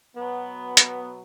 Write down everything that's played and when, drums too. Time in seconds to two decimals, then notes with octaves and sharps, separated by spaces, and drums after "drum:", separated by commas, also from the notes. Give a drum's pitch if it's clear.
0.16 B2 F#3 B3
0.77 drum: hi-hat